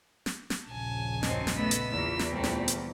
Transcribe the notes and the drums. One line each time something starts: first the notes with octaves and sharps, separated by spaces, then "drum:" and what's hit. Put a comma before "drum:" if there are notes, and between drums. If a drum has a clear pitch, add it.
drum: snare
drum: snare
A#1 D#2 C#3 G#5 A5
F#2 C4 D#4, drum: snare
drum: snare
A3 B3 D#5 E6
drum: hi-hat
E2 A#2 E6
drum: snare
D2 G3 A3 B3 C4
drum: snare
drum: hi-hat